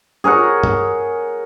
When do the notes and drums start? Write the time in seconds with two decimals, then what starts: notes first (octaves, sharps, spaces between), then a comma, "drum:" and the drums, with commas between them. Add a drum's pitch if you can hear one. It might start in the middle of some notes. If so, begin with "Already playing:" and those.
0.24 G#4 A#4 C#5 F#5
0.63 drum: tom G2